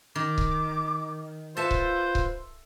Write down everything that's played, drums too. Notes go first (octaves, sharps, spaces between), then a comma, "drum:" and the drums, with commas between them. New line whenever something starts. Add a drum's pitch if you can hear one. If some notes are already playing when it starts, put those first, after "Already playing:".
D#3 D6
drum: kick C#1
F4 A4 B4 C5 E5 A5 C6
drum: kick C#1
drum: kick C#1